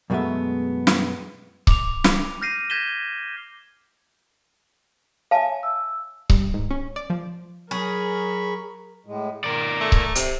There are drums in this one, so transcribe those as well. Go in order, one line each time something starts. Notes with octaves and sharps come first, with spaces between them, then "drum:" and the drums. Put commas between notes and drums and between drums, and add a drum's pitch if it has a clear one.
F#2 B2 G#3 A3 B3 E5
drum: snare
D6 F7, drum: kick C#1
drum: snare
F6 G6 A#6 C7 D#7
G6 G#6 A#6 B6 E7 G7
C#5 E5 F5 G#5 A5
E6
G2, drum: kick C#1
G#2
C#4
D5
F3
F#3 G#4 A#4 B5 C#6
A2 G#3
D#3 A#4 D5
A3
drum: kick C#1
C3, drum: hi-hat